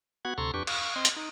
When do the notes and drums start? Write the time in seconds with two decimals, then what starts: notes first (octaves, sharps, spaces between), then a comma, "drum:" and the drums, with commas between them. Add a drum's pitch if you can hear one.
0.25 B3 F#4 F#5 G#6
0.38 D2 C3 A4 A#5 C6 C#6
0.54 F2 D4 G4 B4 C#6
0.67 F5 C#6, drum: cymbal
0.96 C4 D#5 C6
1.05 drum: hi-hat
1.16 D#4